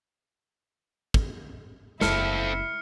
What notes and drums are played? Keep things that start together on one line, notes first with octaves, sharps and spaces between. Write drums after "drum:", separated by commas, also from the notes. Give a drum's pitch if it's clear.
drum: kick
F#1 C4 C#4 E4 A4 F6 C7 C#7, drum: snare